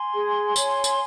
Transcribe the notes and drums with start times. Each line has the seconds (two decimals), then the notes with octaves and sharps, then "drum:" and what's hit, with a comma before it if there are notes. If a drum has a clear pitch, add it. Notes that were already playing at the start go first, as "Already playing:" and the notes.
Already playing: G#5 C6
0.14 G#4
0.56 C#5, drum: tambourine
0.84 drum: tambourine